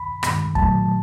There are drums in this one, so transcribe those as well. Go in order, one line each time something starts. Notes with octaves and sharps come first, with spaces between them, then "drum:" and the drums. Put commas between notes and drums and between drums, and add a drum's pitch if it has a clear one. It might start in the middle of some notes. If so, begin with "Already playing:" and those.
Already playing: B5
G2 D#3 G#3, drum: rim click
A#2 F#3 A3 A5, drum: kick